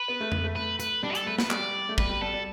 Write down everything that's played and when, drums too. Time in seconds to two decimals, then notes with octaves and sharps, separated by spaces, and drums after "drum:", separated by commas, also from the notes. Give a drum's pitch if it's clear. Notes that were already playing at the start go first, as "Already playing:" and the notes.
Already playing: B4
0.08 B3
0.21 A3
0.32 B3, drum: tom F2
0.44 A3
0.56 B4
0.80 B4, drum: hi-hat
1.03 G3 D4
1.15 A4, drum: hi-hat
1.26 A3 B4
1.38 B4, drum: snare
1.51 G3 D5, drum: clap
1.89 A3
1.98 G3 B4, drum: kick
2.09 G3
2.21 G3 A4
2.34 G3